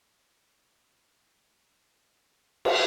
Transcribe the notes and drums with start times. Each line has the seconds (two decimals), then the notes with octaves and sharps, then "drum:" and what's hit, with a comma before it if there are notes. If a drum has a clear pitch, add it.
0.13 C5 C#5 D6 G6
0.45 A5 C#6 F#6
1.56 G#4 B4 C#6
2.65 drum: cymbal